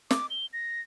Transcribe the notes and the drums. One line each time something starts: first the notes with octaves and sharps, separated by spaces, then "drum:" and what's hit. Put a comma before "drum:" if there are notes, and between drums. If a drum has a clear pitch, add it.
D6, drum: snare
G7
A#6